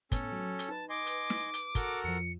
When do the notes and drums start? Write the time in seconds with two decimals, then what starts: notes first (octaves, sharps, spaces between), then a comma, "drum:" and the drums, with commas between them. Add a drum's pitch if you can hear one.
0.12 A2 A3 B3 C#4 A4, drum: kick, hi-hat
0.32 F#3
0.59 drum: hi-hat
0.69 D#4 B4 A5
0.89 D#5 G#5 C6 D6
1.06 drum: hi-hat
1.30 drum: snare
1.54 drum: hi-hat
1.75 F#4 A4 A#4, drum: kick, hi-hat
2.04 F2 F3 C#7